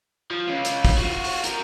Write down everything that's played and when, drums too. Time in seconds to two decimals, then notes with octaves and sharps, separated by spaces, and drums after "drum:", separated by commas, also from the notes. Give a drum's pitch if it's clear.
0.31 F3
0.47 C#4 F4
0.65 drum: hi-hat
0.85 drum: kick, open hi-hat
0.98 F4 F#4
1.24 drum: open hi-hat
1.44 F#4 A#4, drum: hi-hat